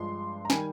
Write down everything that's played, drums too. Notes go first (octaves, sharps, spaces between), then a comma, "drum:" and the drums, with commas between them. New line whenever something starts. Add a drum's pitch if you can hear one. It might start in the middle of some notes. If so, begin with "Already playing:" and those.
Already playing: G2 F3 G#3 C6
A#5
D#3 G3 G#5, drum: snare